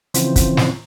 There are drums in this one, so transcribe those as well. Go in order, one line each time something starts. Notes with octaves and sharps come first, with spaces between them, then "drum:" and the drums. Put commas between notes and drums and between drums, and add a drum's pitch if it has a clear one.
C#3 E3 F3 C4, drum: hi-hat
drum: kick, hi-hat
drum: snare